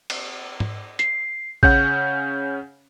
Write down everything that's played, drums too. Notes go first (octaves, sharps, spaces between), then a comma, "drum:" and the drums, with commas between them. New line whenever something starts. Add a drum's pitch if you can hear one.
drum: cymbal
drum: tom G#2
C7, drum: hi-hat
C#3 C#4 F#5 G6, drum: kick A1